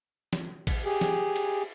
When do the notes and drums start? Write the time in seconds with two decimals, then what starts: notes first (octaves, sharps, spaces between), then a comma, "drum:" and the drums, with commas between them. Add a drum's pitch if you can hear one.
0.33 drum: snare
0.67 drum: kick, cymbal
0.84 G4 G#4
1.01 drum: snare
1.36 drum: cymbal